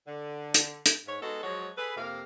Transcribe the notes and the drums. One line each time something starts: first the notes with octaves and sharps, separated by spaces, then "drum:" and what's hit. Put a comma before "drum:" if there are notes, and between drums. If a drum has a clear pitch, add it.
D3
drum: hi-hat
drum: hi-hat
G#2 C#5
G#3 B3 D#4 F#4 A4
F3 F#3 G#3 F#4 C#5
G#4 A4 B4
F2 C3 A#3 F5